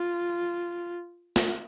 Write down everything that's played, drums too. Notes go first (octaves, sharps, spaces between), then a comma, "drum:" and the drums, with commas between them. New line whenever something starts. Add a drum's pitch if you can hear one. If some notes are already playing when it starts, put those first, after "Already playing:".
Already playing: F4
drum: snare